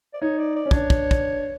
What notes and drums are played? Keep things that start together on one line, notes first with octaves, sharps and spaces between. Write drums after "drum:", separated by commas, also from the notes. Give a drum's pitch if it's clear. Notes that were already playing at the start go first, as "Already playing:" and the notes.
D5
D#4 C#5
D5
D5
C#4
D4 C#5, drum: kick
drum: kick
drum: kick